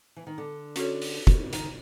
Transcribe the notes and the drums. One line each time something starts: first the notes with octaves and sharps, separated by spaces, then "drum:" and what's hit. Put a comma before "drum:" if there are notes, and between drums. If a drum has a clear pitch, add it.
E3
D#3
D3
C#4 F#4 A4 C#5, drum: hi-hat
drum: open hi-hat
drum: kick, hi-hat
D#3, drum: hi-hat